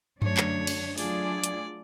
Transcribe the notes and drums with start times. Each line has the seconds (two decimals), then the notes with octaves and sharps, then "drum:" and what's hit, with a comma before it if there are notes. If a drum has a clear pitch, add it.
0.22 F#2 D3 F#3 A3 D4 C#5, drum: tom G2
0.37 drum: clap
0.67 drum: cymbal
0.98 F#3 A3 D4 F4 G#4 D5, drum: open hi-hat
1.44 drum: hi-hat